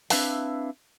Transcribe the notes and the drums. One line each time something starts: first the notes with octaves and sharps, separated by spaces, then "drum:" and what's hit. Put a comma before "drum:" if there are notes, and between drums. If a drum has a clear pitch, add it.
C4 D4 E4 B4 E5 F5, drum: open hi-hat